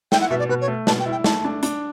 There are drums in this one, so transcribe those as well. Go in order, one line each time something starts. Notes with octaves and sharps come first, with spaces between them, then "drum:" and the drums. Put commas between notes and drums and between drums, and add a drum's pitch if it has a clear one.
E4 G5, drum: snare
F#5
B2 E5
D5
B2 B4
C#5
A3
B2 A5, drum: snare
G5
E4
G5
A3 A5, drum: snare
D4
D4, drum: hi-hat